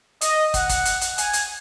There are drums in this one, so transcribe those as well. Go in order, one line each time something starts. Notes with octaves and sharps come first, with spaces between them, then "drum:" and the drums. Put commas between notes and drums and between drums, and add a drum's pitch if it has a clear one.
D#5, drum: hi-hat
F#5, drum: kick, hi-hat
drum: kick, hi-hat
drum: hi-hat
drum: hi-hat
G#5, drum: hi-hat
drum: hi-hat